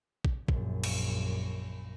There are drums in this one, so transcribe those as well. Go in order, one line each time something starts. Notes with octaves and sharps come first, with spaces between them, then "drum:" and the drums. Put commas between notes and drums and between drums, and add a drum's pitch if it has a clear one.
drum: kick
A#1 F#2, drum: kick
drum: cymbal